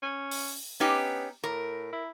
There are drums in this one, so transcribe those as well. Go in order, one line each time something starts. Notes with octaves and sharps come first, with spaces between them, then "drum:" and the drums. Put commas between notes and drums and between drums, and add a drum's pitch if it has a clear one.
C#4
drum: open hi-hat
B3 C#4 D#4 G4
A2 A#4
E4